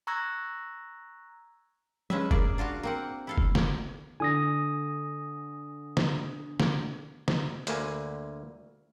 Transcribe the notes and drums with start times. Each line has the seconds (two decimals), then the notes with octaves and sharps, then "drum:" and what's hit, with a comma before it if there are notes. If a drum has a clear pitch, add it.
0.07 A#5 C#6 E6 F#6 G#6 A#6
2.10 F3 G#3 C#4 B4 E5, drum: tom F#3
2.31 A#3 G#4 D5 E5, drum: kick
2.58 D4 F4 F#4 F5
2.83 A#3 C4 F#5
3.27 E4 A4 F5
3.38 drum: kick
3.55 drum: snare
4.20 D3 G#5 D#6 A#6
5.97 drum: snare
6.60 drum: snare
7.28 drum: snare
7.67 D2 D3 A#3 G#5, drum: hi-hat